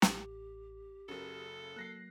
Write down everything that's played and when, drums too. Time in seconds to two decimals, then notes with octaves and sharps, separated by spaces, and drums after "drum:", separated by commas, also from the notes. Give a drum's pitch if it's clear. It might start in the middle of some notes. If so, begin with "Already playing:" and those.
0.02 A1 G4, drum: snare
1.09 F#1 C#3 F#4 A4 A#4
1.76 F#3 A#3 F#6 A#6 C7